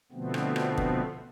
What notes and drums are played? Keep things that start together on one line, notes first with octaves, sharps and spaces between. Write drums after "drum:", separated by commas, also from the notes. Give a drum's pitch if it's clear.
B2 D3 F3 A3 B3 C4
drum: rim click
drum: rim click
drum: kick